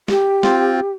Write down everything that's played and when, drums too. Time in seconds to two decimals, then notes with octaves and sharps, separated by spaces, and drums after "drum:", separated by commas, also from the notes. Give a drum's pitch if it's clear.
0.08 G4, drum: snare
0.43 C4 F4, drum: snare